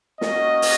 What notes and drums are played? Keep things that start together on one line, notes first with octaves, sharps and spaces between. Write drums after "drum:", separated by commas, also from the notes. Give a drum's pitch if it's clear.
A#3 C#4 F#4 D#5, drum: snare
drum: open hi-hat